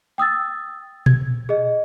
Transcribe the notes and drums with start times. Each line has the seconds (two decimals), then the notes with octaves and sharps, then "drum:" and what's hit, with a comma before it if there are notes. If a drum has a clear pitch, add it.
0.18 G5 D#6 E6 A6
1.06 G#6, drum: tom A#2
1.49 G#4 D#5